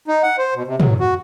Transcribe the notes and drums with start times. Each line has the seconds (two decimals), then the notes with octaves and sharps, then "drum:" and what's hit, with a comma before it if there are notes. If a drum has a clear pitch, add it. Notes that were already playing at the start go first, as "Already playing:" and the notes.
0.08 D#4
0.23 F#5
0.38 C5
0.55 B2
0.67 C3
0.80 F#3, drum: tom
1.00 F#4